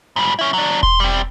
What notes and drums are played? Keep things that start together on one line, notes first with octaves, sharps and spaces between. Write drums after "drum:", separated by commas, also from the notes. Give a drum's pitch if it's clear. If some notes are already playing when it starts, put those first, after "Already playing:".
G#2 G3
C#4 E4
F#3 D4
C6, drum: kick E1
G3 C4